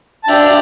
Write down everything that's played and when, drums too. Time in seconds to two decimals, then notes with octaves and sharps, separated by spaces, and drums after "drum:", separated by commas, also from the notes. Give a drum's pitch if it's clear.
0.24 A5
0.28 D4 E5 G5, drum: cymbal
0.46 drum: cymbal